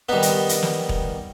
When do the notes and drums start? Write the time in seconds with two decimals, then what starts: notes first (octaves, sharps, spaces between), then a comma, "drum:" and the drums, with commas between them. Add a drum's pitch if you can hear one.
0.09 D#3 G3 B3 D#4 B4
0.22 drum: hi-hat
0.49 drum: hi-hat
0.63 drum: snare
0.89 drum: kick E1